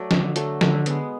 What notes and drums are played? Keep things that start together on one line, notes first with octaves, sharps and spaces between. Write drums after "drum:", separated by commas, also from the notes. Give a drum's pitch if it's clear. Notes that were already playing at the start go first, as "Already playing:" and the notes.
Already playing: F#3 A3 D5
D3, drum: snare F3
F#3 A3, drum: hi-hat
D3, drum: snare F3
G#3 B3, drum: hi-hat